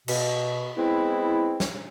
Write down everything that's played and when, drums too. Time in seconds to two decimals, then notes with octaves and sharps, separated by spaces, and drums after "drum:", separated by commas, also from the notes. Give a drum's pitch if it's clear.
0.08 B2, drum: cymbal
0.77 G#3 B3 C4 E4
1.60 drum: snare